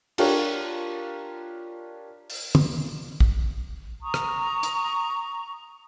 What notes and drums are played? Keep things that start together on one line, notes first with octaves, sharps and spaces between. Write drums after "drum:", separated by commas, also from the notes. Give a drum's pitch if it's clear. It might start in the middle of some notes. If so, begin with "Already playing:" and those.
D4 F4 G4 A#4 C#5, drum: cymbal
drum: open hi-hat
drum: tom D3
drum: kick
A#5 C#6 D#6
drum: rim click
drum: hi-hat